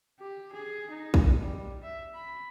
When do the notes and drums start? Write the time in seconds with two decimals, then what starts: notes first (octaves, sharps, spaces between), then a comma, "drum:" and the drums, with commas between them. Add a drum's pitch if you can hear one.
0.20 G4
0.53 G#4
0.91 D#4
1.14 drum: kick A#1
1.40 G3
1.83 E5
2.15 B5